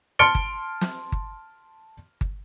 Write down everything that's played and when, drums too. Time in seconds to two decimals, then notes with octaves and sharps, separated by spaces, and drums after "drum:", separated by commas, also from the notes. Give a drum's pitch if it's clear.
0.19 A5 C6 F6 C#7 D7 G7
0.35 drum: kick G1
0.81 drum: snare
1.12 drum: kick G1
2.21 drum: kick G1